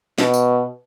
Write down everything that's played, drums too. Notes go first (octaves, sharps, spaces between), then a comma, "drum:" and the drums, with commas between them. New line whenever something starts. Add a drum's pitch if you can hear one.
B2, drum: snare
drum: tambourine